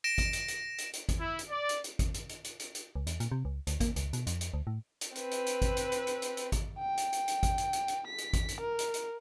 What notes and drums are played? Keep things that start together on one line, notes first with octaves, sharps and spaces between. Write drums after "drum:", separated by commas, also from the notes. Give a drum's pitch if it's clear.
A#6 D7 E7
drum: kick G#1, hi-hat
drum: hi-hat
drum: hi-hat
drum: hi-hat
drum: hi-hat
drum: kick G#1, hi-hat
E4
drum: hi-hat
D5
drum: hi-hat
drum: hi-hat
drum: kick G#1, hi-hat
drum: hi-hat
drum: hi-hat
drum: hi-hat
drum: hi-hat
drum: hi-hat
C#2
E2, drum: hi-hat
A#2, drum: hi-hat
C3
C#2
D2, drum: hi-hat
A#3, drum: kick G#1, hi-hat
C#2, drum: hi-hat
B2, drum: hi-hat
F2, drum: hi-hat
drum: hi-hat
D2
A2
drum: hi-hat
C4 B4, drum: hi-hat
drum: hi-hat
drum: hi-hat
drum: kick G#1, hi-hat
drum: hi-hat
drum: hi-hat
drum: hi-hat
drum: hi-hat
drum: hi-hat
drum: kick G#1, hi-hat
G5
drum: hi-hat
drum: hi-hat
drum: hi-hat
drum: kick G#1, hi-hat
drum: hi-hat
drum: hi-hat
drum: hi-hat
B6
drum: hi-hat
drum: kick G#1, hi-hat
drum: hi-hat
A#4
drum: hi-hat
drum: hi-hat